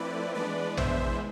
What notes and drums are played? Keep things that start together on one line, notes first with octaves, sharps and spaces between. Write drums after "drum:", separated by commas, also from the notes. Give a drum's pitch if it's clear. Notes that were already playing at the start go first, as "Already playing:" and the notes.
Already playing: F3 A3 C4 E4 B4 D5
E3 G#3 B3 D4 B4 D5
C5 E5, drum: tom